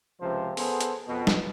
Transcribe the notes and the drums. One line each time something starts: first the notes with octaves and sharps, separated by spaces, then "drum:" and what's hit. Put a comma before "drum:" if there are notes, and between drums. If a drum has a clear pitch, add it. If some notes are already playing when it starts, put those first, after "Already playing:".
C#2 C3 F3 C5
B3 G#4 A4 C5, drum: open hi-hat
drum: hi-hat
F2 B2
drum: snare